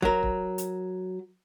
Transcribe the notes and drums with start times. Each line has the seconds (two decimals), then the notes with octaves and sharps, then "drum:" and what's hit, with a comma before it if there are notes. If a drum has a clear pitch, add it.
0.02 F#3 A#4, drum: kick
0.23 drum: kick
0.58 drum: hi-hat